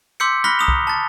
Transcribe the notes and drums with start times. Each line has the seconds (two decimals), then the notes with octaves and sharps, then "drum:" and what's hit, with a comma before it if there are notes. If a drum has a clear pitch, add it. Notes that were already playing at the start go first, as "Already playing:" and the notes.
0.20 C6 D6 E6 G6 B6 C#7
0.44 B5 F6 F#6 A#6 B6 G7
0.59 A#5 D#6 F7
0.68 drum: kick B1
0.87 A5 A6